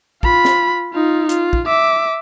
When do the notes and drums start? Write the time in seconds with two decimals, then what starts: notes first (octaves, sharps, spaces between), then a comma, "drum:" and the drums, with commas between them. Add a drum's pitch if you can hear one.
0.23 F4 B5, drum: kick
0.45 drum: snare
0.93 D#4 F4
1.29 F4, drum: hi-hat
1.53 drum: kick
1.66 E5 D6